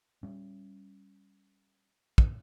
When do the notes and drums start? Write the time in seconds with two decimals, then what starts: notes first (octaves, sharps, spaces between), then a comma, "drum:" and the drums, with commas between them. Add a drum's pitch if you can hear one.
0.23 G3 C#4
2.18 drum: kick